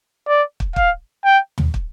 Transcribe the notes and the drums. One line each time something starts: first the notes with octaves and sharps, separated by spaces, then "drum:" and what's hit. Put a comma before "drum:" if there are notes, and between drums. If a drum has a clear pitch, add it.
D5
drum: kick
F5, drum: kick
G5
drum: tom
drum: kick